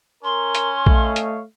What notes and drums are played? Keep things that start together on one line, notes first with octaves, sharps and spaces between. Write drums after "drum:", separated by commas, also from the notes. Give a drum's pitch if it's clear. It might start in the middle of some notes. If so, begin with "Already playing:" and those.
C#4 A#4 C6
drum: hi-hat
A3 C#5 D#5 F5, drum: kick A#1
drum: hi-hat